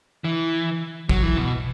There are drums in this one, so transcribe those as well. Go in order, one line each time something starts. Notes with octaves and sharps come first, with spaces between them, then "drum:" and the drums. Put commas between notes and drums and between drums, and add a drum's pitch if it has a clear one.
E3
F#3, drum: kick
E3
B2